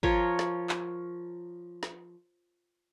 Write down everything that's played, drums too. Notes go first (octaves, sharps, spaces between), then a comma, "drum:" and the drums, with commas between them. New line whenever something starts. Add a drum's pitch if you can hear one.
F3 A#4 C#5, drum: kick
drum: snare
drum: clap
drum: snare